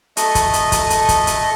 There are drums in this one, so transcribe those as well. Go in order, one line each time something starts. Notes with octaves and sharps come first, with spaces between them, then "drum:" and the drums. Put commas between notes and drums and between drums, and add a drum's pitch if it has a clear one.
A3 D#5 C#6, drum: hi-hat
drum: kick, hi-hat
drum: hi-hat
drum: kick, hi-hat
drum: hi-hat
drum: kick, hi-hat
drum: hi-hat